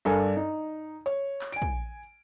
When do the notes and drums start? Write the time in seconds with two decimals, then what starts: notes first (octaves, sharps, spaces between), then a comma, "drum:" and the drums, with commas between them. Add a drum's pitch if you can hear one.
0.05 G2 D4 A4 A#4 D5 G#5
0.36 D#4
1.06 C#5
1.41 drum: clap
1.52 G#5 D7
1.62 drum: kick